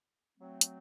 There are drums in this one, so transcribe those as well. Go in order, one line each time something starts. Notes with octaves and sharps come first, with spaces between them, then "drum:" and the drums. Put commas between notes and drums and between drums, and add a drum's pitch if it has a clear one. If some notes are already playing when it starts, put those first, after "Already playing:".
F#3 A3 C4
drum: hi-hat